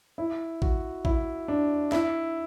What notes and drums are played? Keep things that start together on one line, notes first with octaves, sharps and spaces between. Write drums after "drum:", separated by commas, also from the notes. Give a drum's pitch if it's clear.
E4
F#4, drum: kick A1
E4, drum: kick A1
D4
E4, drum: snare